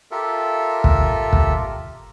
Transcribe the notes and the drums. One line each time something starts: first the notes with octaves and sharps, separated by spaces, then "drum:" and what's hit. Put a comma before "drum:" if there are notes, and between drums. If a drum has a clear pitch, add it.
F4 G4 A4 A#4 E5
drum: kick
drum: kick